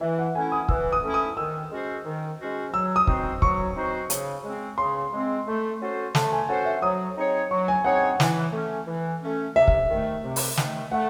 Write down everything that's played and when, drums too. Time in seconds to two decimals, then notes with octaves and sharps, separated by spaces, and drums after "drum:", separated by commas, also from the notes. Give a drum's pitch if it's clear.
0.01 E3 E5
0.19 F#5
0.35 A3 C#4 E4 G#5
0.52 D#6
0.69 E3 E6, drum: kick
0.92 D#6
1.03 A3 C#4 E4
1.14 D#6
1.37 D#3 E6
1.71 G#3 C#4 F#4 C5
2.05 D#3
2.39 G#3 C#4 F#4 C5
2.73 F#3 E6
2.96 D#6
3.07 C4 D#4 F#4 C5, drum: kick
3.42 F#3 C#6, drum: kick
3.76 C4 D#4 F#4 C5
4.10 C#3, drum: hi-hat
4.44 G#3 C4
4.78 C#3 C6
5.13 G#3 C4
5.46 A3
5.80 C#4 F#4 A4 C5
6.15 A3 A5, drum: snare
6.32 G#5
6.49 C#4 F#4 A4 C5 F#5
6.65 E5
6.82 F#3 D#6
7.17 C4 D#4 G#4 C#5
7.50 F#3 C#6
7.68 G#5
7.84 C4 D#4 G#4 C#5 F#5
8.20 E3, drum: snare
8.53 A3 C#4
8.87 E3
9.21 A3 C#4
9.55 C3 E5
9.68 drum: kick
9.90 D#3 A3
10.23 C3
10.36 drum: open hi-hat
10.57 D#3 A3, drum: snare
10.92 A3 F#5